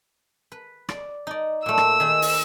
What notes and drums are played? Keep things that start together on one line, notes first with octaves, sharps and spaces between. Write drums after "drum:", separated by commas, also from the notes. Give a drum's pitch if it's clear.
B4
D5, drum: rim click
D#4 D5
A#2 A3 E6
drum: rim click
D#3 G#4 B5
drum: open hi-hat